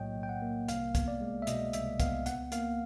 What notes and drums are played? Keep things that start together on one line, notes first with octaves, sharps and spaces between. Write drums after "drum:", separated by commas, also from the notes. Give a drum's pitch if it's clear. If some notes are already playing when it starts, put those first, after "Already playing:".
Already playing: B1 A2 F#3 A#3 C#5 D#5 G5
B1
G5
F#5
A#3
C2 F5, drum: hi-hat
B3, drum: kick, hi-hat
D5
G#3
E5
B2 D#5, drum: hi-hat
C2 E5, drum: hi-hat
B3 F5, drum: kick, hi-hat
C#2 F#5, drum: hi-hat
A#3 F5, drum: hi-hat